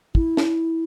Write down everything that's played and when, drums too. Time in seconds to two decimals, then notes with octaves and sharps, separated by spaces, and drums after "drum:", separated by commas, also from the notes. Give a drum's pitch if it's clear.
0.15 E4, drum: kick
0.37 drum: snare